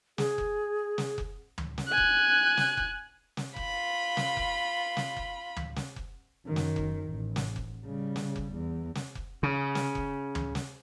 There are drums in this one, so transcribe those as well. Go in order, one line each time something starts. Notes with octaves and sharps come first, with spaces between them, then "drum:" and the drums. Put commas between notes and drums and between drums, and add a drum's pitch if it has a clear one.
G#4, drum: snare
drum: kick F1
drum: snare
drum: kick F1
drum: tom
drum: snare
G#5 F#6
drum: kick F1
drum: snare
drum: kick F1
drum: snare
F4 B5, drum: kick F1
drum: snare
drum: kick F1
drum: snare
drum: kick F1
drum: tom
drum: snare
drum: kick F1
F#2 D#3
drum: snare
drum: kick F1
A1
drum: snare
drum: kick F1
C#3 G3
drum: snare
drum: kick F1
E2
drum: snare
drum: kick F1
C#3
drum: snare
drum: kick F1
drum: tom
drum: snare